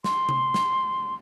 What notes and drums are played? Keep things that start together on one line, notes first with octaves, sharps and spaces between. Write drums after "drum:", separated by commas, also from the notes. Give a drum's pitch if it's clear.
C6, drum: snare
drum: tom C3
drum: snare